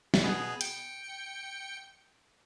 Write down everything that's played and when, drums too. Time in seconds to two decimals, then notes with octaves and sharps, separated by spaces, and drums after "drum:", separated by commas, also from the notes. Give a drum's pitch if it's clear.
0.14 drum: snare
0.23 B2 B3 G#4
0.61 G5 C#7, drum: hi-hat